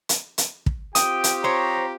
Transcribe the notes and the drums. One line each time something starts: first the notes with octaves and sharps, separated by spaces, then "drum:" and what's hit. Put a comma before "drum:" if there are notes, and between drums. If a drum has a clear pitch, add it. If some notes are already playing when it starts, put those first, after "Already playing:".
drum: hi-hat
drum: hi-hat
drum: kick
C4 F4 G4 G5 D#6, drum: hi-hat
drum: hi-hat
C5 C#5 A#5